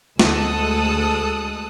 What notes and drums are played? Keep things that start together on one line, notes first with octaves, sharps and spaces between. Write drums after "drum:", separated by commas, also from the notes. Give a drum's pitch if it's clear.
D2 G#3 A4 D#6 E6 F#6, drum: snare